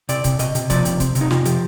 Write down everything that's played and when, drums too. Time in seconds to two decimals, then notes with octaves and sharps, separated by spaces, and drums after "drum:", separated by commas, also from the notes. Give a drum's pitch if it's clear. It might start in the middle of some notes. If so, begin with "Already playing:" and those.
0.09 C3 D5, drum: hi-hat
0.24 C3, drum: kick C#1, hi-hat
0.39 C3 D#5, drum: hi-hat
0.55 C3, drum: hi-hat
0.70 F3 D5, drum: kick C#1, hi-hat
0.85 C3, drum: hi-hat
1.00 C4, drum: kick C#1, hi-hat
1.15 C3, drum: hi-hat
1.21 D#4
1.31 C3 F4, drum: snare
1.45 F3 G4, drum: hi-hat